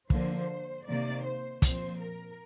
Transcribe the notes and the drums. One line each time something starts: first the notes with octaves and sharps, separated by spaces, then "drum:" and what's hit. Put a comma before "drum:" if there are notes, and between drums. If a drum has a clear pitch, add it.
D3 F3 A#3 C5, drum: kick
C3 D#3 A#3 D5
C5
A#2 F3 C4 C5, drum: kick, hi-hat
A#4